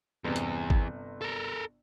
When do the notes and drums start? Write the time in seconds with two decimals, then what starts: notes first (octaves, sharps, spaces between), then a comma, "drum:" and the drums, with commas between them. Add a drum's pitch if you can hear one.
0.24 G1 E2 C3
0.36 drum: hi-hat
0.70 drum: kick G#1
1.22 A4 A#4